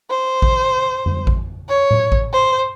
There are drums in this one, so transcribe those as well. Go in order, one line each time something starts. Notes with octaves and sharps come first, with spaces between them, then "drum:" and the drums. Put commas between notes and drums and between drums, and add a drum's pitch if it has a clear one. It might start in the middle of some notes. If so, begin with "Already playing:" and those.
C5
drum: kick A1
drum: tom F2
drum: kick A1
C#5
drum: tom A2
drum: kick A1
C5